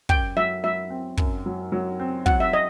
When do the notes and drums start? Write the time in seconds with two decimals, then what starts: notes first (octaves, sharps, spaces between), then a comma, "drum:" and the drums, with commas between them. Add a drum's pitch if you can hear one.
0.09 F#2 G5, drum: kick
0.37 F#3 E5
0.64 F#3 E5
0.90 C4
1.17 F#2, drum: kick
1.46 F#3
1.72 F#3
2.00 C4
2.26 F#3 F#5, drum: kick
2.40 E5
2.53 D#5